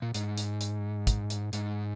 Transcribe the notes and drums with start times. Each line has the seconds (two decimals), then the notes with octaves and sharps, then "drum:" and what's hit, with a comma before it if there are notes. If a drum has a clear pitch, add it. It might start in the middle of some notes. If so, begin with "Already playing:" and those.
0.02 A#2
0.14 G#2, drum: hi-hat
0.38 drum: hi-hat
0.61 drum: hi-hat
1.07 drum: kick, hi-hat
1.30 drum: hi-hat
1.53 G#2, drum: hi-hat